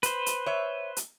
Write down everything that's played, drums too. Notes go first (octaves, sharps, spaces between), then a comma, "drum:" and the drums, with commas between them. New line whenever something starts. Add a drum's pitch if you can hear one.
B4 C5, drum: hi-hat
drum: hi-hat
C#5 E5
drum: hi-hat